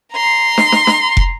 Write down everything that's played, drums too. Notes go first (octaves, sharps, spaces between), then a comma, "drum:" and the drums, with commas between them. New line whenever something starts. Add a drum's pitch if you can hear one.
A#5 C6
drum: snare
drum: snare
drum: snare
drum: kick